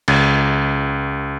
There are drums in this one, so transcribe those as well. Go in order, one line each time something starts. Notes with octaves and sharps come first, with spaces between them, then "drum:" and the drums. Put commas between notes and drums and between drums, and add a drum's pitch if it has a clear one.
C#2, drum: cymbal